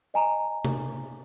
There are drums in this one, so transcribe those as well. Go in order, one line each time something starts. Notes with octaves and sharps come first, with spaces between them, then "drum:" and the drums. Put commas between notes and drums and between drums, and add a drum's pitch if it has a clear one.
D#5 G#5 A#5
drum: tom C3